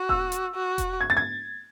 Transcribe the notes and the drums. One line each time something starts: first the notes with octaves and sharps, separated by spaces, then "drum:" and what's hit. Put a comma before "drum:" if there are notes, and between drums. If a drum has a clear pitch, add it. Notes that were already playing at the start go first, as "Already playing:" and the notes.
Already playing: F#4
E6, drum: kick E1
drum: hi-hat
F#4
drum: kick E1, hi-hat
G#6
A6
G#6